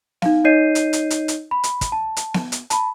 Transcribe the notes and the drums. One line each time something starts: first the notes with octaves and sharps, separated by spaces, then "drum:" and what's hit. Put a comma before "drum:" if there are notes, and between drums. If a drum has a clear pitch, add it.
D#4 F5, drum: snare B3
D#4 C#5 D#5 G6 C7 D#7
drum: hi-hat
drum: hi-hat
drum: hi-hat
drum: hi-hat
B5
drum: hi-hat
drum: kick, hi-hat
A5
drum: hi-hat
drum: snare B3
drum: hi-hat
A5 B5, drum: hi-hat